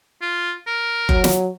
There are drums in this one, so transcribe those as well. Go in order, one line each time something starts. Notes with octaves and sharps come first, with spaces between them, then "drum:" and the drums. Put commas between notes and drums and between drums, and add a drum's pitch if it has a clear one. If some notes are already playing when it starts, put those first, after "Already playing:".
F4
A#4
F#3, drum: kick F#1
drum: snare